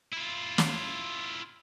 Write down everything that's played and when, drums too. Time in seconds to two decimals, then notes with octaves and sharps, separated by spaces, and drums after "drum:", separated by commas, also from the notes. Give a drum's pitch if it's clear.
0.12 E4 F4
0.58 drum: snare